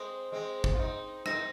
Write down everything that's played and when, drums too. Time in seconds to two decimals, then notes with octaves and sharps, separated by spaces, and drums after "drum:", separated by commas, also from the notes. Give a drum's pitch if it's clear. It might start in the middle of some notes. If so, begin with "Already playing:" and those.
Already playing: G#3 C4 D#6
0.32 G#3 C4
0.64 drum: kick
0.75 F4
0.79 C4 D#4
1.26 C4 D#4 A#6, drum: rim click